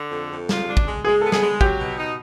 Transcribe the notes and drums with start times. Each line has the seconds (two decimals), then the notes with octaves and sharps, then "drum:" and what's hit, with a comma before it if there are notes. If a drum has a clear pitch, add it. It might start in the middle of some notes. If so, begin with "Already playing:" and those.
Already playing: D3
0.11 F2
0.30 F2
0.49 F4, drum: snare
0.67 D4
0.77 drum: kick
0.86 G#3
1.05 G#3 G#4
1.21 B3 A4
1.32 G#4, drum: snare
1.41 G#3
1.61 F#3 G4, drum: kick
1.80 B2
1.97 D#4